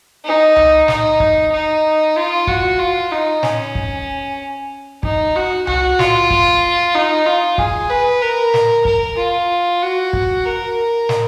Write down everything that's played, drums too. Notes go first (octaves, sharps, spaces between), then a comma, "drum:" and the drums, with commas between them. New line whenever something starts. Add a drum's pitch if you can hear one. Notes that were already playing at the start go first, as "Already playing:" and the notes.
D#4
drum: tom C2
D#4, drum: snare
drum: kick
D#4
F4
F#4, drum: kick
F4
D#4
C#4, drum: snare
drum: kick
D#4, drum: kick
F#4
F#4, drum: tom C2
F4, drum: snare
drum: kick
D#4
F4
G#4, drum: kick
B4
A#4
drum: snare
A#4, drum: kick
F4
F#4
drum: kick
A#4
drum: snare